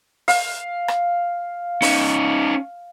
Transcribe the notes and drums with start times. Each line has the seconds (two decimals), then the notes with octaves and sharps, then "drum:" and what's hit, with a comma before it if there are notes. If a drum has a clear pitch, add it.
0.28 F5, drum: open hi-hat
0.88 drum: rim click
1.82 C#4 D#4, drum: open hi-hat